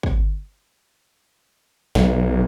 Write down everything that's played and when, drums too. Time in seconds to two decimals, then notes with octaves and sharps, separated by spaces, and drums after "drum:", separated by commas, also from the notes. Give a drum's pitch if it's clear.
0.03 drum: kick
1.95 B1, drum: snare